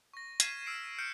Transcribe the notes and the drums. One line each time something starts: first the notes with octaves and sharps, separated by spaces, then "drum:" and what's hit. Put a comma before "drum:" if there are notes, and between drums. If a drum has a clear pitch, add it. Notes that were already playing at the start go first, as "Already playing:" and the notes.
C#6 A#6
F6 G#6 B6 C7 D#7 E7, drum: hi-hat
E6 F6 C7 D7 D#7
F6 G6 C#7 D7